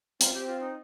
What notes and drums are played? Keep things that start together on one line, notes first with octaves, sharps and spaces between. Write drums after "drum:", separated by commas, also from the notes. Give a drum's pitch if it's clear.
C4 F4, drum: hi-hat
G4
F4
D#4